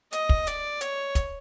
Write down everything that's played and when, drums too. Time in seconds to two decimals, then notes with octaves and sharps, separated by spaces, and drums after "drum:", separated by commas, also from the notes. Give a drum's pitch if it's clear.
0.13 D#5, drum: hi-hat
0.29 drum: kick
0.47 D5, drum: hi-hat
0.81 C#5, drum: hi-hat
1.15 drum: kick, hi-hat